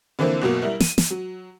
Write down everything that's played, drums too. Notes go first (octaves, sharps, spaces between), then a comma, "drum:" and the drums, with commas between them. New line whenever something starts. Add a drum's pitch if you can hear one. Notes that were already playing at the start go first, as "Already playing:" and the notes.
D3 E3 F3 A#3 C4
G1 B2 F#3 A#3
G3 E4 A#4
D#7, drum: snare
drum: snare
F#3